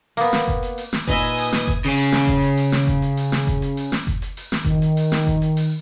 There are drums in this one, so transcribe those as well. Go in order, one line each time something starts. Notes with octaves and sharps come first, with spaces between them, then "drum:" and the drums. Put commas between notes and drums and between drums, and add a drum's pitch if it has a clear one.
A#3 B3, drum: open hi-hat
drum: snare
drum: kick F#1, hi-hat
drum: hi-hat
drum: open hi-hat
drum: snare
A#2 D#4 B4 D#5 E5 G#5 D#6, drum: kick F#1, hi-hat
drum: hi-hat
drum: open hi-hat
drum: snare
drum: kick F#1, hi-hat
C#3 C#4, drum: hi-hat
drum: open hi-hat
drum: snare
drum: kick F#1, hi-hat
drum: hi-hat
drum: open hi-hat
drum: snare
drum: kick F#1, hi-hat
drum: hi-hat
drum: open hi-hat
drum: snare
drum: kick F#1, hi-hat
drum: hi-hat
drum: open hi-hat
drum: snare
drum: kick F#1, hi-hat
drum: hi-hat
drum: open hi-hat
drum: snare
D#3, drum: kick F#1, hi-hat
drum: hi-hat
drum: open hi-hat
drum: snare
drum: kick F#1, hi-hat
drum: hi-hat
drum: open hi-hat